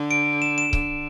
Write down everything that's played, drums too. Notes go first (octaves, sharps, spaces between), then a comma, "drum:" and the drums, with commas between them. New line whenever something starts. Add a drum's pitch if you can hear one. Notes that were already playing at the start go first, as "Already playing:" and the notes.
Already playing: D3
D7
E7
E7
D3, drum: kick C#1